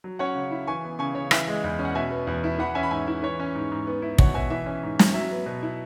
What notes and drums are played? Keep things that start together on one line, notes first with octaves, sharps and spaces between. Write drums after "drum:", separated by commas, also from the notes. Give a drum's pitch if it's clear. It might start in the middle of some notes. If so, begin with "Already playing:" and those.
F#3
C#4 C#5 F#5
C#3
E4
E3 G#5 C#6
B3
C#3 G#5 C#6
C#3 C#5
E3 E5, drum: rim click
G#3
E2
C#4
F#5
B2 E5 G#5
B3
E2
E4
E3 F#5 B5
C#4 E5 G#5
B5
G#2 E5 G#5
E4 E5
E3 C#5
C#4
G#2
G#2
B3
E4
B2 C#5 F#5, drum: kick
B2 E5 G#5
E3 E5
C#4
G#2
E4, drum: snare
F#3 E5
B3
B2
E4